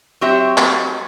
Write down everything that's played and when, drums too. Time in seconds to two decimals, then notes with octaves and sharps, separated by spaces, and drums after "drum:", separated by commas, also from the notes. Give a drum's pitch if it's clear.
0.21 F#3 C4 G4 E5
0.58 drum: clap